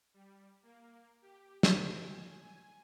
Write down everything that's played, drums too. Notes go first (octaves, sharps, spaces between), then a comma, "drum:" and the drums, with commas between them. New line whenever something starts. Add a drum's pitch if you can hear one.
G3
A#3
G4
A4, drum: snare
G#5
G#5